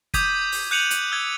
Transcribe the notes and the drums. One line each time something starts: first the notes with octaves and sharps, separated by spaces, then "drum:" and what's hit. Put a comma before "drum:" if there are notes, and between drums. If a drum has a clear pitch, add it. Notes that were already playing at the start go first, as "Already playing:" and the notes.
D6 D#6 G6 G#6 B6 D#7, drum: kick, hi-hat
drum: open hi-hat
F#6 G6 C#7 D#7 F7 F#7
drum: hi-hat
E6 G#6